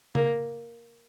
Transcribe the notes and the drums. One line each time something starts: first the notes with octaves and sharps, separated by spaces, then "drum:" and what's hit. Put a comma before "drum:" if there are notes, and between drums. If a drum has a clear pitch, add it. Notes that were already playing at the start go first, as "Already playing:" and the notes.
A#3, drum: tom C#3